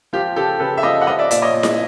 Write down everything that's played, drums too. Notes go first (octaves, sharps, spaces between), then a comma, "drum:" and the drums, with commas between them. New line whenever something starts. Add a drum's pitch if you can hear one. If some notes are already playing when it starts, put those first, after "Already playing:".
F3 F4 G4
C#3 G4 A4
C#3 A4 B4
E5
F3 D#5 F5
F#5
F3 D#5 F5
D5 E5
A#2 D5 E5, drum: hi-hat
C#5 D#5
A#2
drum: snare E4